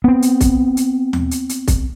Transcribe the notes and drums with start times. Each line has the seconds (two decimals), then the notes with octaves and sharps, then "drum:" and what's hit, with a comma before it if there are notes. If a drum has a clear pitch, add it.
0.04 B3 C4
0.22 drum: hi-hat
0.41 drum: kick, hi-hat
0.77 drum: hi-hat
1.13 drum: tom D#2
1.31 drum: hi-hat
1.49 drum: hi-hat
1.68 drum: kick, hi-hat